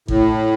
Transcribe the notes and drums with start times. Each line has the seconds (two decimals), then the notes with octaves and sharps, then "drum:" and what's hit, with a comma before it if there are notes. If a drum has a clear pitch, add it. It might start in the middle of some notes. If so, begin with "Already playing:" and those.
0.08 A2, drum: kick